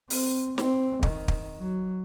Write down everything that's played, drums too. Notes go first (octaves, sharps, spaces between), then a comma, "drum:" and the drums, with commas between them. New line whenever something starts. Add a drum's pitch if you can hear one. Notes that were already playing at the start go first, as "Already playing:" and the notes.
C4, drum: open hi-hat
C4, drum: snare
D#3, drum: kick
drum: kick
F#3